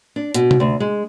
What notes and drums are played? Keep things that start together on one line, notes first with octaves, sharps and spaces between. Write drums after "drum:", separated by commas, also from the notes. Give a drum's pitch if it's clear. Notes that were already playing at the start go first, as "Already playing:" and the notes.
D4
B2, drum: hi-hat
drum: tom C3
D2
G#3